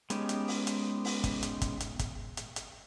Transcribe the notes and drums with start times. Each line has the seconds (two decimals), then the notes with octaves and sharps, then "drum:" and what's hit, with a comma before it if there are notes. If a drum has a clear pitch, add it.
0.10 G#3 B3 C#4 D#4 G4, drum: hi-hat
0.29 drum: hi-hat
0.48 drum: open hi-hat
0.67 drum: hi-hat
1.05 drum: open hi-hat
1.24 drum: kick, hi-hat
1.43 drum: hi-hat
1.62 drum: kick, hi-hat
1.80 drum: hi-hat
1.99 drum: kick, hi-hat
2.37 drum: hi-hat
2.56 drum: hi-hat